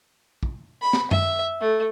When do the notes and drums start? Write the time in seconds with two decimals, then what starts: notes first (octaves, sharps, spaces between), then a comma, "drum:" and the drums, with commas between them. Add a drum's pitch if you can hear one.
0.43 drum: kick
0.82 B5
0.93 drum: snare
1.11 E5, drum: tom F#2
1.61 A3